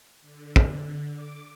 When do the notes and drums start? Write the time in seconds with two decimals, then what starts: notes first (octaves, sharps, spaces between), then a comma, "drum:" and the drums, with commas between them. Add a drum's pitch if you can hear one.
0.21 D3
0.56 drum: kick
1.13 D6